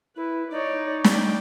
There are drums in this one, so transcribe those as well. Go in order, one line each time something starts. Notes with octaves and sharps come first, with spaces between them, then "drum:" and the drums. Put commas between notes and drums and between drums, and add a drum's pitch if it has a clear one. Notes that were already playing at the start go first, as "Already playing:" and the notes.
E4 B4
D#4 C#5 D5
D5 G5, drum: snare